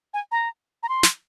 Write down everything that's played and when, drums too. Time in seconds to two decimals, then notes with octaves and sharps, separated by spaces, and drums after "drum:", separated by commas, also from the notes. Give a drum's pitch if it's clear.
0.14 G#5
0.32 A#5
0.83 A#5
0.89 C6
1.03 drum: snare